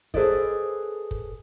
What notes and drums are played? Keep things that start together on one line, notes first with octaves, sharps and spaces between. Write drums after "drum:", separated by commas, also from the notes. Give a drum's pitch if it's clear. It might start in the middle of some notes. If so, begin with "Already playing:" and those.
G#4 A4 B4 C5 D5 D#5, drum: kick
drum: kick